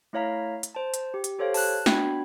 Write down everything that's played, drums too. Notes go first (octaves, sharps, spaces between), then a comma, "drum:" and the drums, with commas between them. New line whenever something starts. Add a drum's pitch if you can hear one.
A3 E4 C#5 F5 A#5 B6
drum: hi-hat
C5 A5
drum: hi-hat
G4
drum: hi-hat
G4 A4 C5 C#5 F5
A5 F#6, drum: open hi-hat
B3 D4 F#4 G5 B5 G#6, drum: snare